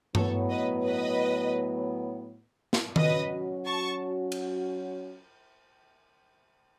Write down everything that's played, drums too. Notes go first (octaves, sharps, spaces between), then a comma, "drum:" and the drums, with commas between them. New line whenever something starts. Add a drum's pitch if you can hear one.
A2 F#3 B3 A4 C#5, drum: tom G2
B4 D#5
B4 D#5
drum: snare
F#3 C#4 F#4 B4 D#5, drum: tom D#3
A5 C#6
drum: cymbal